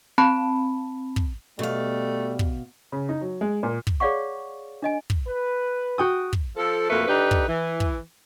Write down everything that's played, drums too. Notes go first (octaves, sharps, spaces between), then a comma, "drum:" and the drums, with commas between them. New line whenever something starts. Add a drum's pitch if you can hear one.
C4 A5 B5
drum: kick
B2 G3 A3 F5
drum: kick
C#3
D#4
F#3
G#3
A#2
drum: kick
G#4 C#5 D5 F5 F#5 C#6
D4 D#5 G#5
drum: kick
B4
F#4 G5 D#6
drum: kick
F3 A4
F2 B2 A3 A#3 B4
D3 D4 D#4 G4 B4
drum: kick
E3
drum: kick